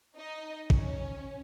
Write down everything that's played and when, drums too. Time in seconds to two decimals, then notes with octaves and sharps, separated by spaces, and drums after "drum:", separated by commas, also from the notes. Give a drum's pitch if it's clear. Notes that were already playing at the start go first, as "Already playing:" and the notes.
0.16 D#4 D#5
0.70 C#4 C#5, drum: kick